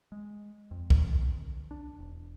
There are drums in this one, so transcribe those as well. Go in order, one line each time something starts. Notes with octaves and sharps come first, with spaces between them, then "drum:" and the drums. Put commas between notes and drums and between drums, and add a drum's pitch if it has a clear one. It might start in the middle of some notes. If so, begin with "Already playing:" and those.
G#3
F2
C2, drum: kick B1
D4
E1